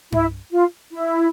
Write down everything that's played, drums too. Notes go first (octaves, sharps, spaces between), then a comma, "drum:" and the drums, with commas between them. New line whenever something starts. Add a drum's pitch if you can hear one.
E4, drum: tom G2
F4
E4